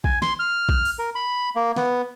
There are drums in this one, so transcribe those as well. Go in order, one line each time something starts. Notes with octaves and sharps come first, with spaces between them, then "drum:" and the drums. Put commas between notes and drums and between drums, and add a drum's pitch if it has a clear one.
G#5, drum: kick
C6, drum: snare
F6
drum: kick
drum: open hi-hat
A#4
B5
A#3
B3, drum: snare